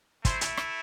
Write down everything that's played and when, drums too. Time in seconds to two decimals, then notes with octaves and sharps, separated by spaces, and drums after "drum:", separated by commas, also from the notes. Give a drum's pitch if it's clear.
0.25 A3 E4 C5, drum: kick, hi-hat
0.41 drum: hi-hat
0.57 drum: rim click